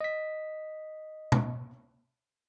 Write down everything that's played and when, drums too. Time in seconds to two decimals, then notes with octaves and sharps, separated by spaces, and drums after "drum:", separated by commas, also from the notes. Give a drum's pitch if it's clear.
0.01 D#5 B6
1.32 drum: tom